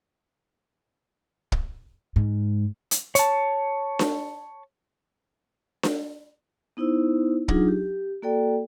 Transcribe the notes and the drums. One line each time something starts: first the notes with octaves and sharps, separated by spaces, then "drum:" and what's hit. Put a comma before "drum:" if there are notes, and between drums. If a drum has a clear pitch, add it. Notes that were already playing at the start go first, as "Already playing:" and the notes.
drum: kick
G#2
drum: hi-hat
C#5 A5, drum: hi-hat
drum: snare D4
drum: snare D4
B3 D#4 E4 C5 E6
F#3 D4 D#4 F4 G#4, drum: kick
G4
A#3 F#4 A4 D5 G5